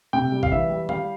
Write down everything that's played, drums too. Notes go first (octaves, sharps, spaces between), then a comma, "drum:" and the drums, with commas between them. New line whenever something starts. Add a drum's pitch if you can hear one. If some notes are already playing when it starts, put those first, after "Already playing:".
C3 G5
G3
F5, drum: kick G#1
E3 E5
G3
G3 F5, drum: tom D#3